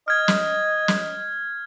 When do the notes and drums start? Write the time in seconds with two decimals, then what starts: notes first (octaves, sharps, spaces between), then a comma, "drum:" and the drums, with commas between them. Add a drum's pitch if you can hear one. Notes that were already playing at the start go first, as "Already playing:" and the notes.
0.08 D#5 F6 G#6
0.28 drum: snare
0.88 drum: snare